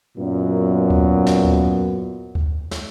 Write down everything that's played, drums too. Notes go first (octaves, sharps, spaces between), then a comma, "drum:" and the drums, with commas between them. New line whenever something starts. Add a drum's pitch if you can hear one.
F#2 A#2 F#3 B3
drum: kick D2
drum: snare
drum: kick D2
drum: kick D2
drum: snare